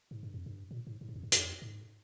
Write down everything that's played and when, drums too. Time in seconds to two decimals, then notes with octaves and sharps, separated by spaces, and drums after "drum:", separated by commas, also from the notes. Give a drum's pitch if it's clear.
0.11 G#2
0.23 G2
0.34 F2
0.46 G2
0.71 A#2
0.87 G#2
1.01 G#2
1.08 G2
1.16 F2
1.23 G2
1.32 F2, drum: hi-hat
1.62 G#2